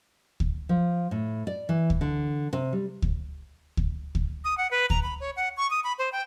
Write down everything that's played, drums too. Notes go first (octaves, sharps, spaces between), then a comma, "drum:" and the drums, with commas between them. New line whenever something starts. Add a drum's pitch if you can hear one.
drum: kick D2
F3
A2
D5
E3
drum: kick D2
D3
C3
G3
drum: kick D2
drum: kick D2
drum: kick D2
D#6
F#5
B4
A#5, drum: kick D2
B5
C#5
F#5
C#6
D#6
B5
C5
G5